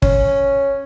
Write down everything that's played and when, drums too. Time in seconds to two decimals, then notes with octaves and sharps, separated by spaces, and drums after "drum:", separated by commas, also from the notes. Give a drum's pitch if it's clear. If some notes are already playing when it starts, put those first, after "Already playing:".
0.02 C#4, drum: kick